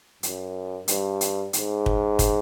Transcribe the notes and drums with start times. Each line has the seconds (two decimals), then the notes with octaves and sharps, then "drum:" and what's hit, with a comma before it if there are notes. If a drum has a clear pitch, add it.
0.23 F#2, drum: hi-hat
0.88 G2, drum: hi-hat
1.21 drum: hi-hat
1.53 G#2, drum: hi-hat
1.86 drum: kick
2.19 drum: kick, hi-hat